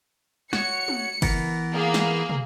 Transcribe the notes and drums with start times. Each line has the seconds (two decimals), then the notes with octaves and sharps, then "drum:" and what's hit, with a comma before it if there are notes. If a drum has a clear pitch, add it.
0.53 F#4 C#5 C#7, drum: snare
0.88 drum: tom
1.22 E3 B3 A#4, drum: kick F#1, cymbal
1.74 A#3 G#4
1.94 drum: snare
2.30 drum: tom